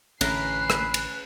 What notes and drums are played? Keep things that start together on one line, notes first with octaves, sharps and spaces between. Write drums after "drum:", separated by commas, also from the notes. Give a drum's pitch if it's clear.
A1 D3 C#4 A#4 E5 B5 F#6 C7, drum: cymbal
drum: rim click
drum: cymbal